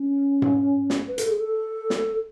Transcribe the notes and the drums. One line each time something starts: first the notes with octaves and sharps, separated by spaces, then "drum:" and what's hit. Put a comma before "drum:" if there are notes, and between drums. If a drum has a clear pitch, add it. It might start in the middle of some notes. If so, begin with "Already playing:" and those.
Already playing: C#4
drum: tom G#2
drum: snare
B4
A4, drum: hi-hat
G#4
A4
drum: snare